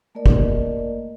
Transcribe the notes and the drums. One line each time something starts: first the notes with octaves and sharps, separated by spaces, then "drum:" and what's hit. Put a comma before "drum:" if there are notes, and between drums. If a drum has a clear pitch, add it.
A3 A#3 A#4 D5 D#5
drum: kick